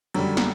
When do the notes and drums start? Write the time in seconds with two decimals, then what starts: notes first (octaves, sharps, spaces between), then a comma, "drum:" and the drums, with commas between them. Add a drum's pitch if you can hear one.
0.14 F#2 D3 G3, drum: cymbal
0.37 drum: snare